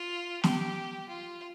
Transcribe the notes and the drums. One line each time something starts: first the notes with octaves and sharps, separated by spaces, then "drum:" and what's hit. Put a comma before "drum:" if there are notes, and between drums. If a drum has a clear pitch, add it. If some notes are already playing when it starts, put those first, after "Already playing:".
Already playing: F4
G4, drum: snare
F4